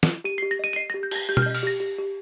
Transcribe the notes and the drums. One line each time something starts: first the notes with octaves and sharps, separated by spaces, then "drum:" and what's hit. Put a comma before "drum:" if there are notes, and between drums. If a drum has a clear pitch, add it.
drum: snare
G4 D#7
G4 C7
A#6
D#5 D#7
D#7
D#5 C7
G4 A#6
G6
G4 A#6, drum: cymbal
G4 G6
F6, drum: tom B2
D#5 G6
F6, drum: open hi-hat
G4 A#6
G4
G4